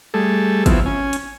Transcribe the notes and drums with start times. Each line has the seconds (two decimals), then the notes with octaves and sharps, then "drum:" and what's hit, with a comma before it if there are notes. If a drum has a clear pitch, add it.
0.14 G3 A3 G#4 A4
0.66 F#3 B3 C4 E4 F4, drum: kick G#1, hi-hat
0.86 C#4 G#5
1.13 drum: hi-hat